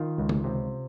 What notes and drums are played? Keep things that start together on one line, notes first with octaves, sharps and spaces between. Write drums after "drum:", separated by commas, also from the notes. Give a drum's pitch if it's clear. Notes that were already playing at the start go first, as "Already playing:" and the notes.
Already playing: D#3 F4
C#2
drum: tom
C3